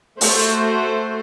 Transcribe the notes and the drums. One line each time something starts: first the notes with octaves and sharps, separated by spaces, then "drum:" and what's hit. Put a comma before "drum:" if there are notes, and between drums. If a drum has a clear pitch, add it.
A3 F#4 C5, drum: open hi-hat